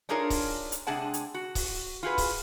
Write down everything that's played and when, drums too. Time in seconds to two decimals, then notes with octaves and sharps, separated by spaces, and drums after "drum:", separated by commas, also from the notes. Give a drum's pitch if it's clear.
0.09 D4 D#4 F4 G#4 A#4 C#5
0.30 drum: kick C#1, open hi-hat
0.72 drum: hi-hat
0.87 C3 G#3 D4 G#4 F#5 A5
1.14 drum: hi-hat
1.34 F#4
1.55 drum: kick C#1, open hi-hat
2.03 F4 F#4 G#4 B4
2.18 drum: kick C#1, open hi-hat